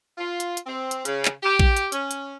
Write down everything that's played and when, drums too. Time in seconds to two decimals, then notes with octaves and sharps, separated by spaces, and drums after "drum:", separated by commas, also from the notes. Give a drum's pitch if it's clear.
0.18 F4
0.40 drum: hi-hat
0.57 drum: hi-hat
0.66 C4
0.91 drum: hi-hat
1.05 C#3, drum: hi-hat
1.25 drum: clap
1.42 G4
1.59 drum: kick A#1
1.77 drum: hi-hat
1.92 C#4, drum: hi-hat
2.11 drum: hi-hat